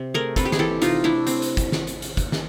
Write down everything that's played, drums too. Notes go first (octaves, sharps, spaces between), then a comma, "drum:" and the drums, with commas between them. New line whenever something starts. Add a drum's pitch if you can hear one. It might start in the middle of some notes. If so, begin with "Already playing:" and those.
Already playing: C3
A3 G#4 A#4
C4 A4 B4, drum: kick, hi-hat
G4
G#4, drum: snare
E3 G4 A4
C3 D#4 F4, drum: hi-hat
A3 D4 E4
C4, drum: hi-hat
drum: hi-hat
drum: kick, hi-hat
drum: snare
drum: hi-hat
drum: hi-hat
drum: kick, hi-hat
drum: snare